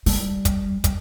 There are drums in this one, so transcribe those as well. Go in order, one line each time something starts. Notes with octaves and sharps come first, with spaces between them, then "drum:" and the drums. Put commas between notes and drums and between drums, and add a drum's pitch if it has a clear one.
G3, drum: open hi-hat
drum: kick, hi-hat
drum: kick, hi-hat